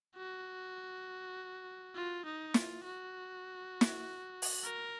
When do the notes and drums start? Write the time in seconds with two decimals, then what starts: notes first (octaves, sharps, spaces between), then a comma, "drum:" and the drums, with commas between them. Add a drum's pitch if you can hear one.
0.16 F#4
1.95 F4
2.25 D#4
2.54 F4, drum: snare
2.84 F#4
3.81 drum: snare
4.42 drum: open hi-hat
4.64 A#4